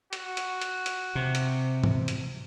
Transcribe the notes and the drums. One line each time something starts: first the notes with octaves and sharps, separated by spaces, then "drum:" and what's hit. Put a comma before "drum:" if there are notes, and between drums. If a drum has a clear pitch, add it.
F#4, drum: hi-hat
drum: hi-hat
drum: hi-hat
drum: hi-hat
C3
drum: hi-hat
drum: tom G#2
drum: hi-hat